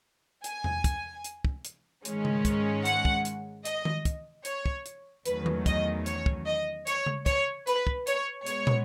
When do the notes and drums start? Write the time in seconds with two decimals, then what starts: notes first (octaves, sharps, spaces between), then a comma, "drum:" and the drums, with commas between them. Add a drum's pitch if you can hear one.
0.44 G#5, drum: hi-hat
0.64 drum: tom E2
0.84 drum: kick, hi-hat
1.24 drum: hi-hat
1.45 drum: kick
1.65 drum: hi-hat
2.05 G#2 D#3 G#3 C#4, drum: hi-hat
2.25 drum: tom C#3
2.45 drum: kick, hi-hat
2.85 F#5, drum: hi-hat
3.05 drum: kick
3.25 drum: hi-hat
3.65 D#5, drum: hi-hat
3.85 drum: tom D#3
4.05 drum: kick, hi-hat
4.45 C#5, drum: hi-hat
4.66 drum: kick
4.86 drum: hi-hat
5.26 E2 D#3 F#3 A3 C#4 B4, drum: hi-hat
5.46 drum: tom D#3
5.66 D#5, drum: kick, hi-hat
6.06 C#5, drum: hi-hat
6.26 drum: kick
6.46 D#5
6.87 C#5, drum: hi-hat
7.06 drum: tom C#3
7.26 C#5, drum: kick, hi-hat
7.67 B4, drum: hi-hat
7.87 drum: kick
8.07 C#5, drum: hi-hat
8.46 B2 G#3 B3 C#5, drum: hi-hat
8.67 drum: tom